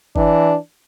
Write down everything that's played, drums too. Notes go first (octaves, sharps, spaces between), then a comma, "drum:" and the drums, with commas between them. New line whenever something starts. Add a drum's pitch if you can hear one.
E3 D4, drum: kick G1